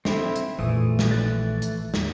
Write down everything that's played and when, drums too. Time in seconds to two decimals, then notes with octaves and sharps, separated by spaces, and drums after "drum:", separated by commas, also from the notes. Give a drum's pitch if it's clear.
0.05 C4 D4 E4 A4, drum: snare
0.36 drum: hi-hat
0.59 A#1 F2 B2 E3 A3 D#6
0.99 drum: snare
1.11 F#6 A6
1.62 drum: hi-hat
1.94 D#2 A2, drum: snare